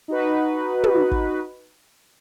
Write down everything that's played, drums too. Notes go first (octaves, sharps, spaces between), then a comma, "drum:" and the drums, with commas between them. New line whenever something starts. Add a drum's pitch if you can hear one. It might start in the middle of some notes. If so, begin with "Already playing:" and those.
D#4 F#4 B4
drum: tom
drum: kick